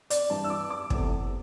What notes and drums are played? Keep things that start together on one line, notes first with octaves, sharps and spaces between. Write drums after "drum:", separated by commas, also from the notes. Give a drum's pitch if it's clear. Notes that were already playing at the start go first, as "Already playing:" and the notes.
D5, drum: hi-hat
G2 E3 G3 A5
E6
D6
D6
E2 C3 A3, drum: kick